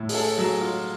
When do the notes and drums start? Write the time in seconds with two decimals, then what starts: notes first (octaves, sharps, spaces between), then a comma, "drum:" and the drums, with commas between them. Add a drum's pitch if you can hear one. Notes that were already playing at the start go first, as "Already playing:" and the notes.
Already playing: A2
0.09 G#4, drum: open hi-hat
0.14 A4
0.37 F#3 G#4
0.61 F4